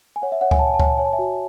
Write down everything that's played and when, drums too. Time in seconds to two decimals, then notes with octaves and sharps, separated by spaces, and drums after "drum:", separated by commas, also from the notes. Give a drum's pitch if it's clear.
0.16 G#5
0.22 C#5 F#5
0.32 E5
0.41 C#5 F#5
0.51 G#5, drum: kick C#2
0.59 C#5 A5
0.67 G#5
0.74 A5
0.80 C#5 G#5, drum: kick C#2
0.89 A5
0.98 C#5 G#5
1.05 A5
1.13 E5 G#5
1.19 F#4